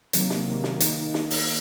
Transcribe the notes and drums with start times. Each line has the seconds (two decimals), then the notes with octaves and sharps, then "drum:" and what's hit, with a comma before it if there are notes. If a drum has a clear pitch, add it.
0.13 C3 D#3 F#3 A#3, drum: hi-hat
0.30 drum: snare
0.47 C3 D#3 F#3 A#3
0.64 drum: snare
0.80 D#3 A#3 D#4, drum: hi-hat
1.14 D#3 A#3 D#4, drum: snare
1.30 drum: open hi-hat